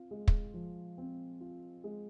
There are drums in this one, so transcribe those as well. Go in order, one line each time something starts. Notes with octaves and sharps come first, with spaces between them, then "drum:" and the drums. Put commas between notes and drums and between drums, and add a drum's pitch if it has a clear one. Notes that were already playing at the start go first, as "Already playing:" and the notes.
Already playing: C4 F4
G#3
drum: kick
F3
C4
F4
G#3